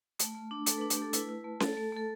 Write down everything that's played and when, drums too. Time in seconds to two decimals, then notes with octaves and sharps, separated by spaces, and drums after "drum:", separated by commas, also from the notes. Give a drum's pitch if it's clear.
0.19 A3, drum: hi-hat
0.35 A3
0.51 D4
0.66 A3 A4, drum: hi-hat
0.78 D4 B4
0.90 G4, drum: hi-hat
0.97 A3 A4
1.13 E4 B4, drum: hi-hat
1.29 E4
1.44 A3
1.60 A3 A4, drum: snare C#4
1.73 A3 A4
1.93 A3 A4